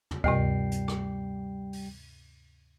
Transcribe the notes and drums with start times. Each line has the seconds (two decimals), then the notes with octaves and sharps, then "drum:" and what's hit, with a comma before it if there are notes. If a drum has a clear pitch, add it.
0.11 drum: tom
0.24 D2 G2 C3 G3 G5 C7, drum: kick C#2
0.72 drum: hi-hat
0.88 drum: rim click
1.73 drum: open hi-hat